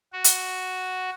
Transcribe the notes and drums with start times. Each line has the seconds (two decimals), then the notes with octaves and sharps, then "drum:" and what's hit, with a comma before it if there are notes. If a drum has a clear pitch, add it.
0.13 F#4
0.24 drum: hi-hat